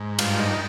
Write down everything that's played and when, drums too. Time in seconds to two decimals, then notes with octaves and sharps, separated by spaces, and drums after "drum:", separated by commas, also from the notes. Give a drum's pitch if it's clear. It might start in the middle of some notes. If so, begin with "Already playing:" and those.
Already playing: G#2
0.19 G2 F4, drum: cymbal
0.39 D#4